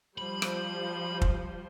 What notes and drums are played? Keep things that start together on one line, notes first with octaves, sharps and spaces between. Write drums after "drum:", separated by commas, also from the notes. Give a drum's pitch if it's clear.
F3 G3 C5 B5
drum: rim click
drum: kick